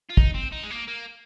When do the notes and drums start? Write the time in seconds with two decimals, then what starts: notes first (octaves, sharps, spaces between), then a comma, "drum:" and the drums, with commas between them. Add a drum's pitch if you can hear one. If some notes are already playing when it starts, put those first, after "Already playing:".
0.10 F4
0.17 D#4, drum: kick
0.35 C4
0.52 D#4
0.63 G#3
0.71 A#3
0.88 A#3